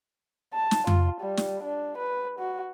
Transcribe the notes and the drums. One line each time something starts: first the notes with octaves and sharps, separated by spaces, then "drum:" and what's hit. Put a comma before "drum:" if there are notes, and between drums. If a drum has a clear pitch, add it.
A5
drum: snare
F4, drum: tom F2
G3
drum: snare
D4
B4
F#4